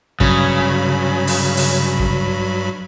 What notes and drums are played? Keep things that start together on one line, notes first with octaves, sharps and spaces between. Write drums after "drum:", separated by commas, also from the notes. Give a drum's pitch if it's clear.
G2 C#3 F#3 B5, drum: kick
drum: open hi-hat
drum: open hi-hat
drum: kick